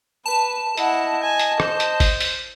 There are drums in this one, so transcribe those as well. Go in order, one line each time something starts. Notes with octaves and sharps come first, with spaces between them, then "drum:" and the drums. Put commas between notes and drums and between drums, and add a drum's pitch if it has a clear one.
B4 A5
E4 D#5 F#5, drum: hi-hat
G#5
drum: hi-hat
C5, drum: rim click
drum: hi-hat
drum: kick G#1, open hi-hat
drum: open hi-hat